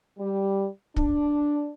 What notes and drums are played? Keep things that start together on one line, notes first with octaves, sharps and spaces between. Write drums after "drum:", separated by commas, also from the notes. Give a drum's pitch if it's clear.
G3
D4, drum: kick